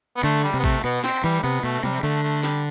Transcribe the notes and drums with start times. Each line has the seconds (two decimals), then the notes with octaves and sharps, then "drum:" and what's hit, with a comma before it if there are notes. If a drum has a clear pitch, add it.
0.17 B3
0.24 D3 A3
0.44 G3, drum: hi-hat
0.54 C3
0.59 B3
0.64 A3, drum: kick A1
0.84 B2 B3, drum: hi-hat
1.04 C4, drum: snare
1.24 E3 G3, drum: hi-hat
1.43 C3 B3
1.64 B2 A3, drum: hi-hat
1.84 C3 G3, drum: tom
2.03 D3 A3, drum: hi-hat
2.23 A3
2.43 G3, drum: snare